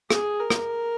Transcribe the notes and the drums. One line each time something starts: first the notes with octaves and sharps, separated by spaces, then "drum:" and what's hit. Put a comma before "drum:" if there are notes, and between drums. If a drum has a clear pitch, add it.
G#4, drum: rim click
A#4
drum: rim click